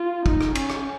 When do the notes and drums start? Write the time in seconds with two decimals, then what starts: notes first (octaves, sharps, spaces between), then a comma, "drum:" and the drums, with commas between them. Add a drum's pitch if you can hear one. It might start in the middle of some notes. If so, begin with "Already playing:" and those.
Already playing: F4
0.26 D#4, drum: kick
0.41 drum: rim click
0.55 C#4, drum: cymbal
0.70 drum: rim click